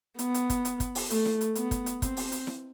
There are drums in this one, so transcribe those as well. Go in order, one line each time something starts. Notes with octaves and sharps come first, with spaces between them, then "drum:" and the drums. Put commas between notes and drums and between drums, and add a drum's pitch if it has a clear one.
B3, drum: hi-hat
drum: hi-hat
drum: kick, hi-hat
drum: hi-hat
drum: kick, hi-hat
drum: open hi-hat
A3, drum: hi-hat
drum: snare E4
drum: hi-hat
B3, drum: hi-hat
drum: kick, hi-hat
drum: hi-hat
C4, drum: kick, hi-hat
drum: open hi-hat
drum: hi-hat
drum: snare E4